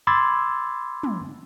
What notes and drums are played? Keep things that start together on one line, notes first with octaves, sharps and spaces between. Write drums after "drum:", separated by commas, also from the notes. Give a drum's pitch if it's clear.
B5 C6 D6 E6 G#6 A6
drum: tom